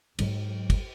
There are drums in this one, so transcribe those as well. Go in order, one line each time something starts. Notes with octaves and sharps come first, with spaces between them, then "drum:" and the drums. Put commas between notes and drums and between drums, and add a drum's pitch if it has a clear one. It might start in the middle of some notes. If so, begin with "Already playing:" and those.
G#2 F#3, drum: cymbal
drum: kick, cymbal